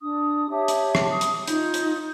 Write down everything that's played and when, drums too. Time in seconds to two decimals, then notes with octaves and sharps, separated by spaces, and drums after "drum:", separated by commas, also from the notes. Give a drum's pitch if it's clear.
0.01 D4 D#6
0.50 G4 C#5 E5 A5
0.68 drum: hi-hat
0.95 drum: rim click
1.11 D#6
1.21 drum: hi-hat
1.48 D#4 F4 G6, drum: hi-hat
1.74 drum: hi-hat